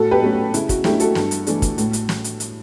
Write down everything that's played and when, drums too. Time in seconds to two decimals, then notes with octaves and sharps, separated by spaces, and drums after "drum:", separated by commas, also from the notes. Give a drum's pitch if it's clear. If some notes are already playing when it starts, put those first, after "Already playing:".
Already playing: A2 F#4 A4
0.11 G4 B4
0.22 F#3 A3 C#4
0.33 F#4
0.54 C#3 E4, drum: hi-hat
0.69 F#4, drum: kick, hi-hat
0.84 F#3 A3 D4 E4 G4, drum: snare
1.00 F#4 A4, drum: hi-hat
1.15 G2, drum: snare
1.31 drum: hi-hat
1.47 E3 A3 D4, drum: hi-hat
1.62 drum: kick, hi-hat
1.78 A2, drum: hi-hat
1.93 drum: hi-hat
2.09 drum: snare
2.24 drum: hi-hat
2.40 drum: hi-hat